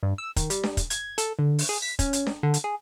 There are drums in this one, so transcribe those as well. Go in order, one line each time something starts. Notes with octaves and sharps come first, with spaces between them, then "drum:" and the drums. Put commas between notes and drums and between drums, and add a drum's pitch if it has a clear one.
G2
E6
D#3, drum: kick, hi-hat
G3, drum: hi-hat
drum: snare D4
drum: kick, hi-hat
G#6, drum: hi-hat
A4, drum: hi-hat
D3
drum: open hi-hat
G#4
B6
C#4, drum: kick, hi-hat
drum: hi-hat
drum: snare D4
D3
drum: hi-hat
G#4